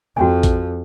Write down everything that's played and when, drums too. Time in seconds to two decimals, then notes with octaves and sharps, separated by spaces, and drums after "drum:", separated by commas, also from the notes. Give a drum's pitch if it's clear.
0.17 F2 F#4 G5 G#5
0.43 drum: kick, hi-hat